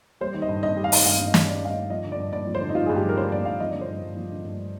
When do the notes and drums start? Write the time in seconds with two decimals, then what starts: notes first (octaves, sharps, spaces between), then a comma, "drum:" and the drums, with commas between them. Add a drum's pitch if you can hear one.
0.21 G3 C5
0.34 D#3
0.42 D#5
0.49 G2
0.63 G2 D#5
0.77 G3
0.84 F5
0.92 D#3, drum: open hi-hat
1.05 G2 F5
1.20 G2
1.27 D#5
1.34 G3, drum: snare
1.48 D#3 D5
1.62 G2 F5
1.70 D#5
1.76 G2
1.90 F3 D#5
2.05 D3
2.12 D5
2.19 G2
2.33 G2 D5
2.47 F3
2.55 C5
2.61 D3
2.69 D#4
2.75 G2 F4
2.86 G2 G#4
2.96 G4
3.04 F3
3.09 A#4
3.18 D3 C5
3.32 G2 D5
3.45 G2 F5
3.60 F3 D#5
3.71 D3 D5
3.81 C5
3.89 G2
4.02 G2
4.17 F3
4.31 D3
4.45 G2